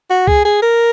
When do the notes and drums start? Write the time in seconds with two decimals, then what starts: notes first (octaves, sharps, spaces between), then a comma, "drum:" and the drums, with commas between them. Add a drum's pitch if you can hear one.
0.10 F#4
0.28 G#4, drum: kick C2
0.45 G#4
0.62 A#4